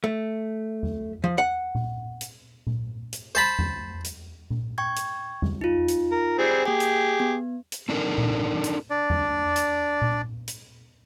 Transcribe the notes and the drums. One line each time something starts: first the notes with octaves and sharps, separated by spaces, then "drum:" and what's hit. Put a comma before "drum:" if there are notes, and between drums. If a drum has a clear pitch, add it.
A3
drum: tom E2
F3
F#5
drum: tom A#2
drum: hi-hat
drum: tom A#2
drum: hi-hat
C5 A5 B5
drum: tom E2
drum: hi-hat
drum: tom A#2
G5 C#6 G#6
drum: hi-hat
drum: tom E2
D#4 F4
drum: hi-hat
A#4
G3 C4 G#4
A#3 G4 G#4 G5
drum: hi-hat
B3
drum: hi-hat
C4 D4 D#4 A4 A#4
drum: tom A#2
drum: hi-hat
D4 D5
drum: tom E2
drum: hi-hat
drum: tom A#2
drum: hi-hat